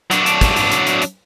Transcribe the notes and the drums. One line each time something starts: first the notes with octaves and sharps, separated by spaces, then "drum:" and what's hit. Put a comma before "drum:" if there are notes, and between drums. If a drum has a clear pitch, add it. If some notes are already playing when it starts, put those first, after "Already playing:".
F#3 D4, drum: hi-hat
drum: hi-hat
drum: kick, hi-hat
drum: hi-hat
drum: hi-hat
drum: hi-hat
drum: hi-hat